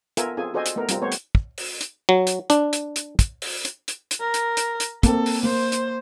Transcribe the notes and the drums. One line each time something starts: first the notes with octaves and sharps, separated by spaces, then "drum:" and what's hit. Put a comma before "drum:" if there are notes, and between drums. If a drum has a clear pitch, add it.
B3 F4 A4 A#4 E5 G#5, drum: hi-hat
C4 F4 G#4 A4 G#5
F#4 A4 C5 D5 D#5 G#5
drum: hi-hat
A3 B3 A#4
G3 C4 F4 A#5, drum: hi-hat
A3 B3 C5 C#5
drum: hi-hat
drum: kick
drum: open hi-hat
drum: hi-hat
F#3
drum: hi-hat
D4, drum: hi-hat
drum: hi-hat
drum: hi-hat
drum: kick, hi-hat
drum: open hi-hat
drum: hi-hat
drum: hi-hat
drum: hi-hat
A#4
drum: hi-hat
drum: hi-hat
drum: hi-hat
A#3 C4 A4, drum: kick, hi-hat
drum: open hi-hat
A#3 C5
drum: hi-hat